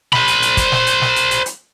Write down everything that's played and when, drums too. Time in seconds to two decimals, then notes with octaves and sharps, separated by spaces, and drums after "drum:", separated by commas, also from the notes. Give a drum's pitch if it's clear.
0.13 C5 B5, drum: snare
0.28 drum: hi-hat
0.42 drum: hi-hat
0.57 drum: kick, hi-hat
0.72 drum: snare
0.87 drum: hi-hat
1.01 drum: snare
1.16 drum: hi-hat
1.31 drum: hi-hat
1.46 drum: hi-hat